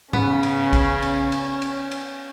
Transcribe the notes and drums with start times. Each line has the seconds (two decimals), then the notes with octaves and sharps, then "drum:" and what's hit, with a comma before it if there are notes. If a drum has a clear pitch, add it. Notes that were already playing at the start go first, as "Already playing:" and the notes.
0.13 C#3 B3 C#4, drum: tom G#2
0.43 drum: cymbal
0.73 drum: kick, cymbal
1.02 drum: cymbal
1.32 drum: cymbal
1.62 drum: cymbal
1.91 drum: cymbal